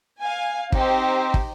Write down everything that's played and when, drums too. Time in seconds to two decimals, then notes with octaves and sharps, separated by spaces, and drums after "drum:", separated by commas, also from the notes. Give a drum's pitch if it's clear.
0.20 F5 G#5
0.72 C4 D#4 G4 C5, drum: kick
1.34 drum: kick